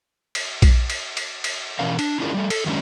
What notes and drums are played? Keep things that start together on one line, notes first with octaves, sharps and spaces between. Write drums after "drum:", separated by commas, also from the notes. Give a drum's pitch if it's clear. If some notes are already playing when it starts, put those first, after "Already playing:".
drum: cymbal
drum: kick A#1, cymbal
drum: cymbal
drum: cymbal
drum: cymbal
B2 E3 C#4 A#4 F5
D4, drum: cymbal
C#4 D4 E4 F4 G#4 A#4
G3 A3
A4, drum: cymbal
D#3 F#3 G#3 C#4 D4